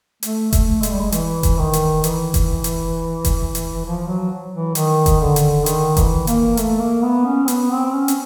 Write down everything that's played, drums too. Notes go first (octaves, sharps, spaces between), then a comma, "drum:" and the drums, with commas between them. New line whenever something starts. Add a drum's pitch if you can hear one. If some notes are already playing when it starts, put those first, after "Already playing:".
A3, drum: hi-hat
A3, drum: kick F1, hi-hat
G#3, drum: hi-hat
G3
G#3
E3, drum: hi-hat
drum: kick F1, hi-hat
D#3
drum: hi-hat
E3, drum: hi-hat
drum: kick F1, hi-hat
drum: hi-hat
drum: kick F1, hi-hat
drum: hi-hat
F3
F#3
E3
D#3, drum: hi-hat
drum: kick F1, hi-hat
D3
drum: hi-hat
D#3, drum: hi-hat
E3, drum: kick F1, hi-hat
A#3, drum: hi-hat
A3, drum: hi-hat
A#3
B3
C#4
B3, drum: hi-hat
C4
C#4
drum: hi-hat